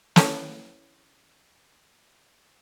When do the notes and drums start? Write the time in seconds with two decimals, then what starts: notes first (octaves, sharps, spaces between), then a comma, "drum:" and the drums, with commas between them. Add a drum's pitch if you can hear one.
0.16 E3 C#4 A4, drum: snare